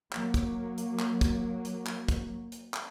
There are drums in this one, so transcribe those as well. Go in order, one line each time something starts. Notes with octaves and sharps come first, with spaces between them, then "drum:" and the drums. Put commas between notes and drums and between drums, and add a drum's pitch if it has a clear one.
F#3 A#3, drum: clap
drum: kick, hi-hat
drum: hi-hat
drum: clap
drum: kick, hi-hat
drum: hi-hat
drum: clap
drum: kick, hi-hat
drum: hi-hat
drum: clap